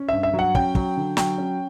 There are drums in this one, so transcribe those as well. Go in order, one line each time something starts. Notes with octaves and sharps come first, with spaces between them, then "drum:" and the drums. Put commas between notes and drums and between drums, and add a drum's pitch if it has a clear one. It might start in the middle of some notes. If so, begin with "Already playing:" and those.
Already playing: C#4
G2 E5
E5
F#3
F#5
C#4 G5, drum: kick
F#3, drum: kick
D3
F#3 G5, drum: snare
C#4